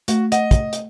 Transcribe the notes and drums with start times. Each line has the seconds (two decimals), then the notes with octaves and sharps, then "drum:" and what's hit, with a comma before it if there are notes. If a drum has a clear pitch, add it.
0.08 A3 F#4, drum: hi-hat
0.32 D#5 F#5, drum: hi-hat
0.51 drum: kick, hi-hat
0.73 drum: hi-hat